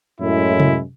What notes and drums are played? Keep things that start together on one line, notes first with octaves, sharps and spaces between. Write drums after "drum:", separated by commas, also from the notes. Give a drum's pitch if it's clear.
F#2 A2 G#3 E4
drum: tom C3